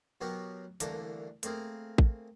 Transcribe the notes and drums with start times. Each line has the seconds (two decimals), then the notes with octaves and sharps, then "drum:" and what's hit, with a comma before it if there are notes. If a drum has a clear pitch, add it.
0.21 B2 F#3 B3 G4 A#4 C#6
0.80 C2 D3 E3 A3 A#3 A#5, drum: hi-hat
1.43 A3 A#3 C4 G#4 A#4, drum: hi-hat
1.98 drum: kick A1